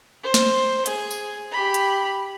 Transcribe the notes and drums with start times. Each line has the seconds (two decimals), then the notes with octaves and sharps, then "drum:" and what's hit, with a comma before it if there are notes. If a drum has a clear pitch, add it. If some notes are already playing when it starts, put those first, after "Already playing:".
0.23 C5
0.34 drum: snare
0.86 G#4, drum: hi-hat
1.11 drum: tambourine
1.52 G4 B5
1.74 drum: hi-hat